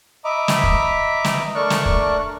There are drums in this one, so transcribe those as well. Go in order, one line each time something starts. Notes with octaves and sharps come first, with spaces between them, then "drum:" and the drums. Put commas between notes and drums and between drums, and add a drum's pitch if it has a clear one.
D#5 E5 A#5 B5 D6
drum: snare
drum: kick
drum: snare
A3 D4 A#4 D5 C#6 F#6
drum: snare
drum: kick